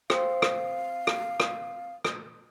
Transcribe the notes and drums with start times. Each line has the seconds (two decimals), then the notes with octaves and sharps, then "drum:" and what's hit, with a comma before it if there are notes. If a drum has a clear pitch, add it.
0.10 C4 F5, drum: rim click
0.42 drum: rim click
1.07 drum: rim click
1.40 drum: rim click
2.04 drum: rim click